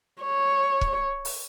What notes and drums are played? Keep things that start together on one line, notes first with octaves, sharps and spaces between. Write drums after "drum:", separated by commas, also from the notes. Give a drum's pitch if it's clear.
C#5
drum: kick
drum: open hi-hat